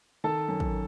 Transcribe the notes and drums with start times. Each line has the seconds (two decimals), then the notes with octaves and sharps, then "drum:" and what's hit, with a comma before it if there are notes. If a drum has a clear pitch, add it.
0.24 D#3 A4 A5
0.48 F#2
0.60 drum: kick